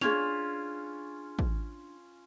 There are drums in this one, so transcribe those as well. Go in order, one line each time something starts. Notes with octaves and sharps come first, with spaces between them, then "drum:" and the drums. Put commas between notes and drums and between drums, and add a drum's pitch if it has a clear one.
C#4 D4 F4 G#4 G#6 F7, drum: snare
drum: kick